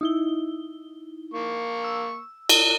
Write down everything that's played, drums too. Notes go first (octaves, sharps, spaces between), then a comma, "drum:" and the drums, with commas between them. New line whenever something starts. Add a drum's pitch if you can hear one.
D#4 E4 G7
A#3 C#6
E6
drum: cymbal